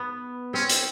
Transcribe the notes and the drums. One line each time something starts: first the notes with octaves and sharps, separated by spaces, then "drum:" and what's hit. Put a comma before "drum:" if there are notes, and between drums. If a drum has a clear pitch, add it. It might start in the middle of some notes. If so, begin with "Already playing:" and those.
Already playing: B3
C4 C#4
drum: hi-hat